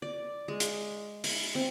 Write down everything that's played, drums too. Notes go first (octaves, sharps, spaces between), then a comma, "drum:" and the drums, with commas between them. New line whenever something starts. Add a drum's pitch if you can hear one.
D5
G#3
drum: hi-hat
B5, drum: open hi-hat
C4